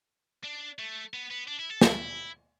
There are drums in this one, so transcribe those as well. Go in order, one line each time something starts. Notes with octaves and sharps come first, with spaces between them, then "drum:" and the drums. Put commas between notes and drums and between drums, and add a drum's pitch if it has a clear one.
D4
A3
B3
B3
D4
E4
A4
E4, drum: snare